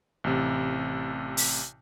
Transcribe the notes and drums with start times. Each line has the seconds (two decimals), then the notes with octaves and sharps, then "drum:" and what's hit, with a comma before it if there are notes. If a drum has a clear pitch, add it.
0.24 A1 C3
1.37 drum: open hi-hat